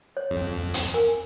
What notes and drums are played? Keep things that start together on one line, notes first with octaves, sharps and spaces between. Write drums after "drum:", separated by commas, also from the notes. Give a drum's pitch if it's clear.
C#5
F2
drum: hi-hat
A#4 G#5